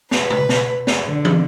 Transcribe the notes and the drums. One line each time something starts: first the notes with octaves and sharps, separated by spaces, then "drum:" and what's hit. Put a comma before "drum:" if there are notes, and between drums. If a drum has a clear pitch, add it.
B4, drum: snare
drum: tom B2
drum: snare
drum: snare
D3
drum: tom